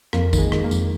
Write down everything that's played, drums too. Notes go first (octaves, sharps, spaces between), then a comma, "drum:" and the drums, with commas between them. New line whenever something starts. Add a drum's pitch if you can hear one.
F2 A#3, drum: rim click
D#3, drum: kick A1, tambourine
G#3
D#3, drum: rim click
A#3
F2, drum: tambourine